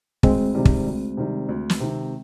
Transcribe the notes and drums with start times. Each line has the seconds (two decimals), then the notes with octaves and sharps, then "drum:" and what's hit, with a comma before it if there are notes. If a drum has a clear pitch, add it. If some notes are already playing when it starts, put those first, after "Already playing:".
0.23 D2 G#3 C4, drum: kick
0.55 C3 D#3 G3
0.65 drum: kick
0.86 D2
1.17 C3 D#3 G3
1.49 D2
1.70 drum: snare
1.80 C3 D#3